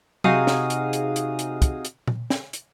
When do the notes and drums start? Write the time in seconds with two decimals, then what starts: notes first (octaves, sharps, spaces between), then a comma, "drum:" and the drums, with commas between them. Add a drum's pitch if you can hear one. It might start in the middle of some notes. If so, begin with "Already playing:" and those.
0.24 C3 D#4 F#4 G#4 F5 D#6, drum: tom F#3
0.47 drum: snare
0.70 drum: hi-hat
0.93 drum: hi-hat
1.16 drum: hi-hat
1.39 drum: hi-hat
1.62 drum: kick, hi-hat
1.85 drum: hi-hat
2.08 drum: tom A#2
2.30 drum: snare
2.53 drum: hi-hat